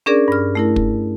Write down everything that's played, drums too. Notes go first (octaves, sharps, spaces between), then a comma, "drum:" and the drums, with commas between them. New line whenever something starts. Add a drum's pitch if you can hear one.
C#4 D4 G#4 A#4 D5
G2 F6
A3 E4 A#4
drum: kick